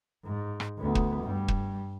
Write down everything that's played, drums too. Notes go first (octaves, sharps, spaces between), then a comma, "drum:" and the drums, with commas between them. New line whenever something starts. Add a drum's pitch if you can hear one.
G#2
drum: rim click
D2 B3
drum: kick
G2 G3
drum: kick